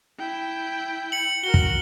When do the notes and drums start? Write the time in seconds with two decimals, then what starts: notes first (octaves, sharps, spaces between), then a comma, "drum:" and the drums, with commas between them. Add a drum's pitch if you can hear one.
0.19 E4 G5
1.12 C#7 F#7
1.44 F#4 A#4 G7
1.54 drum: kick